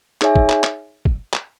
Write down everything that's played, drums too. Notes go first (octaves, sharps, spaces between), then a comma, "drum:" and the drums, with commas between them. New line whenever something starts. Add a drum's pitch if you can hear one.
D#4 G#4 C#5 E5 G#5, drum: clap
drum: kick
drum: clap
drum: clap
drum: kick
drum: clap